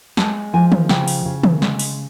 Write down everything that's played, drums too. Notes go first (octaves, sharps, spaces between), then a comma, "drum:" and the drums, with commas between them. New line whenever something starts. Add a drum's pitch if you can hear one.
G#3 A5, drum: snare
F3 G#5
drum: tom
C#3 G5, drum: snare
drum: open hi-hat
C#3
drum: tom
G#3, drum: snare
drum: open hi-hat